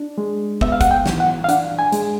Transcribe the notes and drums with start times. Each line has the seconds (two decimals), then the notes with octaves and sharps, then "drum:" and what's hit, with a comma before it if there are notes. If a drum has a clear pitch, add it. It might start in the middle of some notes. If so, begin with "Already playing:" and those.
Already playing: D4
0.18 G#3
0.61 B3 E5, drum: kick
0.72 F5
0.81 F#5, drum: kick, hi-hat
0.91 G5
1.06 E3, drum: snare
1.20 F#5
1.44 F5
1.49 D4 F#5, drum: hi-hat
1.79 G#5
1.93 G#3, drum: hi-hat